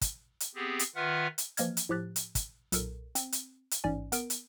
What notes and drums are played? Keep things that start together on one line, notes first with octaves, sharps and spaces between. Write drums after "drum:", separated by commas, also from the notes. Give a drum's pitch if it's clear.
drum: kick, hi-hat
drum: hi-hat
B3 C4 G4 G#4
drum: hi-hat
D#3 F4 B4 E5 F#5 F6
drum: hi-hat
E3 F3 A#3 D#5 F6 G#6, drum: hi-hat
drum: hi-hat
A2 F3 G4 F#6 A6
drum: hi-hat
drum: kick, hi-hat
B1 A#2 A4 A#4, drum: hi-hat
C4, drum: hi-hat
drum: hi-hat
drum: hi-hat
A1 G#2 C#4 D5 G#5
B3 A#4 D7, drum: hi-hat
drum: hi-hat